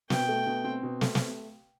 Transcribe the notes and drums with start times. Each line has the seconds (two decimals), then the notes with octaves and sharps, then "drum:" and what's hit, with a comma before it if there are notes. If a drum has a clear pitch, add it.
0.10 B2 G5, drum: snare
0.28 A3
0.46 B2
0.64 C4
0.83 B2
1.01 A3, drum: snare
1.15 drum: snare